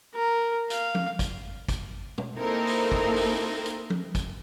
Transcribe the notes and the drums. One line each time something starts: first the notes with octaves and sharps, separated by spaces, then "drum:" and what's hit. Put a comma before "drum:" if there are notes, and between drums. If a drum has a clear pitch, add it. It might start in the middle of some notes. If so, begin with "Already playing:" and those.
A#4
F5, drum: hi-hat
drum: tom F3
drum: kick, hi-hat
drum: kick, hi-hat
drum: tom
A#3 C4 D#4 E4 A4 A#4
drum: open hi-hat
drum: kick
drum: open hi-hat
drum: hi-hat
drum: tom F3
drum: kick, hi-hat